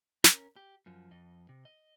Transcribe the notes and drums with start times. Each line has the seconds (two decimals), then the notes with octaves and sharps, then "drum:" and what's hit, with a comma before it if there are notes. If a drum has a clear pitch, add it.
0.24 C#4 A#4, drum: snare
0.56 G4
0.86 F#2 F3
1.11 F2 D#5
1.49 C3
1.65 D#5